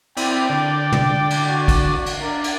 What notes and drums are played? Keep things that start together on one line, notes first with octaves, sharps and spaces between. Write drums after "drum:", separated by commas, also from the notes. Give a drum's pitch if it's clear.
C4 E4 D5 G5, drum: cymbal
D3 D5
drum: tom
drum: cymbal
F#4
drum: kick, cymbal
drum: cymbal
D4 A#4
drum: cymbal